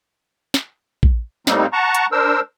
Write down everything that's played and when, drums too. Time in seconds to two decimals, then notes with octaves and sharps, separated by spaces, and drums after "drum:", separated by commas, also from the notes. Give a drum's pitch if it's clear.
0.54 drum: snare
1.03 drum: kick
1.47 A2 G3 A#3 C4 D#4, drum: snare
1.73 F#5 A5 A#5 C#6
1.94 drum: hi-hat
2.12 D4 A#4 C5 E6